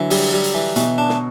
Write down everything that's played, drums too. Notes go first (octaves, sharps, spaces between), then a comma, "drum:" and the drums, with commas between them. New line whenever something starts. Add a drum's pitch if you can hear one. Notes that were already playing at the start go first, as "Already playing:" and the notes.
Already playing: D3 E3 F#3
G3, drum: open hi-hat
G3
drum: hi-hat
E3
B2 E3, drum: hi-hat
D4
drum: snare